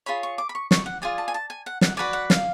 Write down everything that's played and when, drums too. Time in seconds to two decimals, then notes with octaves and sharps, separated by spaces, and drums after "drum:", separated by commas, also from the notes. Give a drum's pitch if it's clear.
0.06 F4 G#4 C#5 B5
0.23 C#6
0.38 D6
0.49 B5
0.55 C#6
0.71 C#6, drum: snare
0.86 F#5
1.02 F4 G#4 D5 G#5
1.18 A5
1.28 G#5
1.34 A5
1.50 G#5
1.66 F#5
1.81 F#5, drum: snare
1.97 F#4 B4 D5 G#5
2.13 F#5
2.30 F5, drum: snare